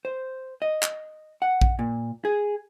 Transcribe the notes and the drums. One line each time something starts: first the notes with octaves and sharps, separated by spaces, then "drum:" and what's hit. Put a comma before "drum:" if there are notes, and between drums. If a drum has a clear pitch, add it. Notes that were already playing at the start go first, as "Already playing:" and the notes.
C5
D#5
drum: clap
F#5
drum: kick A#1
A#2
G#4